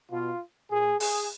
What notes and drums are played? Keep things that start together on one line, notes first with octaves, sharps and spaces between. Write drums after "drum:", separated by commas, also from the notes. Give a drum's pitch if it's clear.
B2 F4
A#2 G#4
G#4, drum: open hi-hat